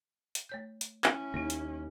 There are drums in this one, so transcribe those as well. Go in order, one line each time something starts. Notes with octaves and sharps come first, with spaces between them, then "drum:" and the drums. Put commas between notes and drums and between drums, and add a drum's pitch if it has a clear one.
drum: hi-hat
A3 C#5 G6
drum: hi-hat
C#4 E4, drum: clap
D#2 A#3 D#4
drum: hi-hat